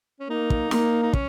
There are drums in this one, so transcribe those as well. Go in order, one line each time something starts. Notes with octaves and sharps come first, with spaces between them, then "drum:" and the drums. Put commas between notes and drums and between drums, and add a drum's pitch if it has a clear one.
C#4
A#3 D#4
drum: kick
A#3, drum: snare
D#4
C#4, drum: kick